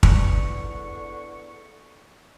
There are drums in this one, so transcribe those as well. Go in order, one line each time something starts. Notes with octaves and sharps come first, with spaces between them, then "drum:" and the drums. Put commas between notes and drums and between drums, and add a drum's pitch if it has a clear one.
E2 D3 C#6, drum: kick